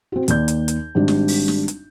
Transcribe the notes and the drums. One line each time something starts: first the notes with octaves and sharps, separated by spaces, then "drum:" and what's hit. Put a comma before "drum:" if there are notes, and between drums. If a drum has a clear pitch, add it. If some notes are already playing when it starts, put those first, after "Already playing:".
C4 F#4
D#2 D5 G6, drum: hi-hat
drum: hi-hat
drum: hi-hat
G#1 G3 D4
drum: snare
drum: open hi-hat
drum: snare
drum: hi-hat